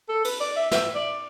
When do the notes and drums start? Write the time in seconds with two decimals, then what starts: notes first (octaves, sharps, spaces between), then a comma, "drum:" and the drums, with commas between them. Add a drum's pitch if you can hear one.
0.09 A4
0.25 B4, drum: cymbal
0.40 D5
0.56 E5
0.71 E5, drum: snare
0.95 D5